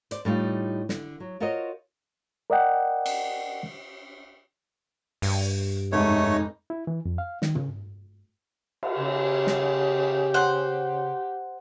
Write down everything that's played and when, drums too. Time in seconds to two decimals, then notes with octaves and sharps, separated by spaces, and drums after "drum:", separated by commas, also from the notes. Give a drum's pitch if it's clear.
0.11 C5 D5, drum: hi-hat
0.25 A2 G3 D#4 F4
0.89 D3, drum: snare
1.20 F#3
1.40 F4 F#4 A#4 C5 C#5 D#5
2.50 A#4 D5 D#5 F#5 G5
3.06 drum: cymbal
5.22 G2, drum: open hi-hat
5.92 F1 G#2 A3 D#4 C#5
6.70 E4
6.87 E3
7.05 F2
7.18 F5
7.42 D#3, drum: snare
7.55 C#3, drum: tom
8.83 drum: cymbal
8.97 C#3 G4
9.47 drum: snare
10.34 C5 F#5